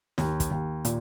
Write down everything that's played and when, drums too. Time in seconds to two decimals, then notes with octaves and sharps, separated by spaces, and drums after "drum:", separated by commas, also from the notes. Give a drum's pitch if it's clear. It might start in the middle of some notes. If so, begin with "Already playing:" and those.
0.18 D#2, drum: snare
0.40 drum: kick, hi-hat
0.51 D#2
0.85 A#2, drum: hi-hat